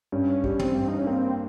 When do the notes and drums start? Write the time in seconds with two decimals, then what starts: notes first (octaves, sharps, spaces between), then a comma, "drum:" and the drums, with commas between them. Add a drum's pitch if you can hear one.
0.12 G2 C#4
0.44 G3, drum: kick
0.49 C#4
0.59 C4, drum: tom
0.75 G2
0.88 D#4
0.97 C#4
1.06 A#3 C4